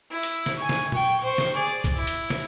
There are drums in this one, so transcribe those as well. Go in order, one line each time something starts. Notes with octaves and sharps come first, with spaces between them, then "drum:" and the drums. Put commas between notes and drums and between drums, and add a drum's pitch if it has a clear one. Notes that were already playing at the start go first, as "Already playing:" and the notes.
E4
drum: hi-hat
drum: snare
G#5 C#6
drum: snare
G5 C#6, drum: tom A#2
C5 C#6
drum: snare
G#4 D5
drum: kick, hi-hat
E4
drum: hi-hat
drum: snare